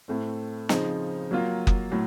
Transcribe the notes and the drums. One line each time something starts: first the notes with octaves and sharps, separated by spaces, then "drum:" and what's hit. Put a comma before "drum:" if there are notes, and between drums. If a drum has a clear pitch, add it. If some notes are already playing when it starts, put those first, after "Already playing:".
A2 A3 C4
C#3 F3 C4 D#4, drum: snare
F#3 A#3 F4
drum: kick F#1
A2 F#3